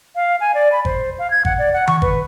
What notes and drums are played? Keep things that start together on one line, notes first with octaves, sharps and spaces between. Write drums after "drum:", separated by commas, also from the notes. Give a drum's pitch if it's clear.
F5
G#5
D5
B5
C5, drum: kick
F5
G#6
F#5, drum: kick
D5
F#5
C#6, drum: tom D#3
B4, drum: kick